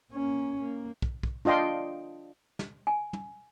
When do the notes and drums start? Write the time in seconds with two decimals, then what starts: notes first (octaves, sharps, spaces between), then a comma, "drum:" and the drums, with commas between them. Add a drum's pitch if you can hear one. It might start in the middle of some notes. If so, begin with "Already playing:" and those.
0.12 A#3 C#4
0.61 A#3
1.02 drum: kick
1.23 drum: kick
1.45 D4 F4 D#5 G5 C6
2.59 drum: snare
2.87 G#5
3.13 drum: tom